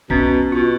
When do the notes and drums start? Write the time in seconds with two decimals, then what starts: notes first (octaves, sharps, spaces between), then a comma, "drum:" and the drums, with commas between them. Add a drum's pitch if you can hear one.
0.10 B2 C#4, drum: kick B1
0.52 B2 F4